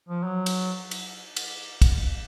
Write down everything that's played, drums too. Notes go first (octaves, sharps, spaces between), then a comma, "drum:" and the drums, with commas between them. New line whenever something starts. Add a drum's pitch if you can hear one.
F3
F#3
drum: cymbal
drum: cymbal
drum: cymbal
drum: kick, cymbal